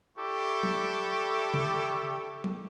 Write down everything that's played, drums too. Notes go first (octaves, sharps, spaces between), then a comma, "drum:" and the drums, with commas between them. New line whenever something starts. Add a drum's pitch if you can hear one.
D4 E4 G4 A4 C#6 D6
drum: tom
drum: tom C#3
drum: tom